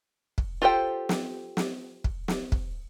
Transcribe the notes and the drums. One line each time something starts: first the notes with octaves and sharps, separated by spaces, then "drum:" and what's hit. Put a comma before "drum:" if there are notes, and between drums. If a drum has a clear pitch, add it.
drum: kick
F4 G4 A4 C5 G5
drum: snare
drum: snare
drum: kick
drum: snare
drum: kick